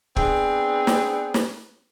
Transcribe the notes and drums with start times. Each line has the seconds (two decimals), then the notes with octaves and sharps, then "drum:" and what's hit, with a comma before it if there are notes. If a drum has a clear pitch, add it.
0.16 B3 C4 D4 G#4, drum: kick
0.87 drum: snare
1.34 drum: snare